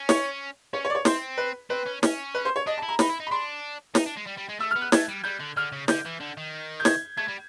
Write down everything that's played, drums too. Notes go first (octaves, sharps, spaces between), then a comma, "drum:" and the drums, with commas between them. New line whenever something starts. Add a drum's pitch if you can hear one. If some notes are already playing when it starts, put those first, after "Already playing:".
Already playing: C#4
C#5, drum: snare
C#4 C#5
C#5
D5
C#5
C4 C5, drum: snare
B4
C4 B4
C#4
C#4, drum: snare
B4
C5
C#5
D4 D#5
A5
E4
A#5
D#4 B5, drum: snare
E4
D#4
B5
D4 C6
D#4, drum: snare
D4
G#3
G3
G3
G#3
A3 E6
F6
B3
F#6
A3 G#6, drum: snare
G3
G3 G6
D3
D3 F6
C#3
D3 G6, drum: snare
E3
D3
D#3
G6
G#6, drum: snare
A3 G#6
G3